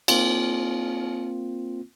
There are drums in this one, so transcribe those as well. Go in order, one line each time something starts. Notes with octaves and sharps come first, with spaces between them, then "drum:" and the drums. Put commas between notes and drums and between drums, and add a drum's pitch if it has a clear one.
A#3 C4 F4, drum: cymbal